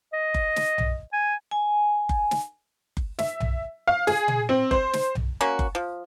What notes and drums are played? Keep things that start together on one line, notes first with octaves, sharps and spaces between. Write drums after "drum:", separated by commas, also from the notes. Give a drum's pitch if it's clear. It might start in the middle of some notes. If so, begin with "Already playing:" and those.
D#5
drum: kick F#1
drum: snare
drum: tom B1
G#5
G#5
drum: kick F#1
drum: snare
drum: kick F#1
E5, drum: snare
drum: tom B1
F5
G#4, drum: snare
drum: tom A#2
C4
C5, drum: kick F#1
drum: snare
drum: tom B1
A#3 C#4 F#4
drum: kick F#1
F3